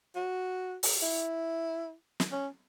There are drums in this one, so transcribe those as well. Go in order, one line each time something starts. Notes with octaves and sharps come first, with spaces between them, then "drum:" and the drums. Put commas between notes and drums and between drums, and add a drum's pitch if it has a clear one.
F#4
drum: open hi-hat
E4
drum: snare
C#4